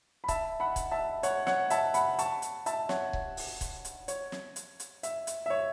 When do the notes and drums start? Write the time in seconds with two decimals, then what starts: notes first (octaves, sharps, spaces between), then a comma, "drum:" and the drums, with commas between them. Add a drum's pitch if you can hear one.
0.24 B5
0.28 E5 A5, drum: kick C#1, hi-hat
0.60 F#5 B5
0.76 drum: kick C#1, hi-hat
0.91 E5 A5
1.23 C#5 F#5, drum: hi-hat
1.47 C#5 F#5, drum: snare
1.70 E5 A5, drum: hi-hat
1.94 F#5 B5, drum: hi-hat
2.19 A5 C#6, drum: hi-hat
2.42 drum: hi-hat
2.66 E5 A5, drum: hi-hat
2.89 C#5 F#5, drum: snare
3.13 drum: kick C#1
3.37 drum: open hi-hat
3.61 drum: kick C#1, hi-hat
3.85 drum: hi-hat
4.08 C#5, drum: hi-hat
4.32 drum: snare
4.56 drum: hi-hat
4.80 drum: hi-hat
5.03 E5, drum: hi-hat
5.27 drum: hi-hat
5.46 E5
5.50 C#5